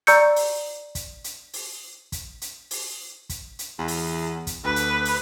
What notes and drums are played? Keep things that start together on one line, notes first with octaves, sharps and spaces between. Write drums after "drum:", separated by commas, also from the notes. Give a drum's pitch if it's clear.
D5 A#5 C#6 E6 G6 C#7, drum: hi-hat
drum: open hi-hat
drum: kick, hi-hat
drum: hi-hat
drum: open hi-hat
drum: kick, hi-hat
drum: hi-hat
drum: open hi-hat
drum: kick, hi-hat
drum: hi-hat
E2
drum: open hi-hat
drum: kick, hi-hat
D2 B4
drum: hi-hat
drum: open hi-hat